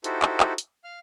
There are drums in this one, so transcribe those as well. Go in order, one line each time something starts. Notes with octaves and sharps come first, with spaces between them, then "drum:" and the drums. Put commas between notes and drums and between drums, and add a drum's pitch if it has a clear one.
D#4 E4 F#4 G4 A4 C5, drum: hi-hat
drum: clap
drum: clap
drum: hi-hat
F5 F6